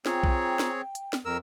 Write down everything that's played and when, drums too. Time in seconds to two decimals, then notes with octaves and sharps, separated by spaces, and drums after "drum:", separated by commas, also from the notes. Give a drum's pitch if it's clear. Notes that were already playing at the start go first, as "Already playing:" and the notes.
0.06 C4 F4 G#4 C#5 G5 A#5, drum: snare
0.24 drum: kick B1
0.59 drum: snare
0.71 G5
0.95 drum: hi-hat
1.13 drum: snare
1.25 F2 A#4 E6